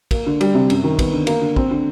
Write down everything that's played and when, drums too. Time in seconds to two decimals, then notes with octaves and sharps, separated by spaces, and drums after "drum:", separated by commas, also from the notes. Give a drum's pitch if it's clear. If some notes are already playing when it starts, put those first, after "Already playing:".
0.11 A#3, drum: kick, cymbal
0.27 D3
0.41 G3, drum: cymbal
0.55 C3
0.70 F#2, drum: cymbal
0.84 D#3
0.99 B3, drum: kick, cymbal
1.13 D3
1.27 A#3, drum: cymbal
1.42 D3
1.56 C4, drum: kick
1.71 D3